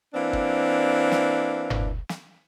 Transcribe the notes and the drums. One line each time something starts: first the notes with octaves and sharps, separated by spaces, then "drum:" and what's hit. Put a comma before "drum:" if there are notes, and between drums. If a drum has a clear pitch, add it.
E3 A#3 C4 D4
drum: kick
drum: snare
drum: tom F#1
drum: snare